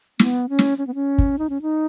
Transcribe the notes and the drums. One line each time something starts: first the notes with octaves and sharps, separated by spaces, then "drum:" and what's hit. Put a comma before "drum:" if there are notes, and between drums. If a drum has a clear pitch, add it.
B3, drum: snare
C#4
drum: snare
C#4
B3
C#4
drum: kick
D#4
C#4
D#4